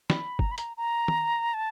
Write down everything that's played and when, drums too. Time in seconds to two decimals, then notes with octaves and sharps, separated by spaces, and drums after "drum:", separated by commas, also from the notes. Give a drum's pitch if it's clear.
0.10 B5, drum: snare
0.39 A#5, drum: kick
0.51 B5
0.58 A#5, drum: hi-hat
0.77 A#5
1.08 drum: tom
1.54 A5